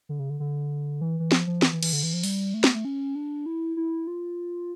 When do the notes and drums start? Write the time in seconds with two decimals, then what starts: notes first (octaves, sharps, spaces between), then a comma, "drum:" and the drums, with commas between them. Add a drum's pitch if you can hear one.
0.09 D3
0.19 C#3
0.30 D3
0.40 D3
1.01 E3
1.20 E3
1.32 F3, drum: snare
1.47 F3
1.62 E3, drum: snare
1.72 E3
1.83 E3, drum: cymbal
1.93 D3
2.03 E3
2.13 F3
2.23 G3, drum: open hi-hat
2.54 A3
2.64 drum: snare
2.74 A3
2.85 C#4
3.15 D4
3.46 E4
3.77 E4
4.07 F4